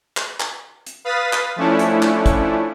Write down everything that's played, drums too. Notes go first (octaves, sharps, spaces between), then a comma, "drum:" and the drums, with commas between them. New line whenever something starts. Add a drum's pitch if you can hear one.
drum: clap
drum: clap
drum: hi-hat
B4 F5 D#6 A6 B6
drum: clap
F3 A3 C#4 D4 E4
drum: hi-hat
drum: clap
drum: kick, hi-hat